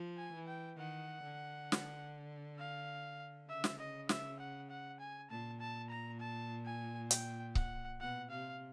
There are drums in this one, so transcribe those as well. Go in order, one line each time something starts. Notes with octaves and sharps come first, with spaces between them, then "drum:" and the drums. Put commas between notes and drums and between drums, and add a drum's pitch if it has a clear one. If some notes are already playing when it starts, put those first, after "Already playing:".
Already playing: F3
G#5
E3
G5
D#3 F#5
D3
drum: snare
F5
C#3 E5
drum: snare
D#5
E5, drum: snare
F#5
F#5
G#5
A#2 A5
A5
A#5
A5
G#5
G5, drum: hi-hat
F#5, drum: kick C#1
B2 F#5
C3 F5